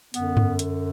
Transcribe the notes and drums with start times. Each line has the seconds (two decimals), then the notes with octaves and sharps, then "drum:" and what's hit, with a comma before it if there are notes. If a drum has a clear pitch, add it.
0.14 F#2 D3 B3, drum: hi-hat
0.37 drum: tom G2
0.59 drum: hi-hat